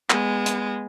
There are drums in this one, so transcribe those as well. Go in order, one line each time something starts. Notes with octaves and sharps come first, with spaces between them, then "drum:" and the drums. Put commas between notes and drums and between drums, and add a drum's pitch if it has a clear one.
G#3 B3, drum: clap
drum: hi-hat